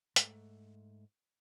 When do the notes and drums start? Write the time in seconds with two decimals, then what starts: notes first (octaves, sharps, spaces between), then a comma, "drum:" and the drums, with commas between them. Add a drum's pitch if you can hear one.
0.16 G#2 A3, drum: hi-hat